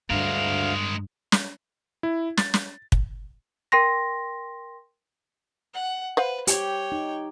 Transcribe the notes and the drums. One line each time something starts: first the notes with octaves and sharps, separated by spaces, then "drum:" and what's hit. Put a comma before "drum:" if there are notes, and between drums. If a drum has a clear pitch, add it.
D2 G2 G#3 A#4 F5
drum: snare
E4
A6, drum: snare
drum: snare
drum: kick
A#4 G5 C6 A#6
F#5
B4 C5 F5 F#5
G4 C#5 G5, drum: hi-hat
D#4